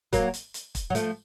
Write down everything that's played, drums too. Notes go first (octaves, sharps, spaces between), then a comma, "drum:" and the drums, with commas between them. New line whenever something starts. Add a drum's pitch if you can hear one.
F#3 A#3, drum: kick, hi-hat
drum: hi-hat
drum: hi-hat
drum: kick, hi-hat
F#3
F3 A3, drum: hi-hat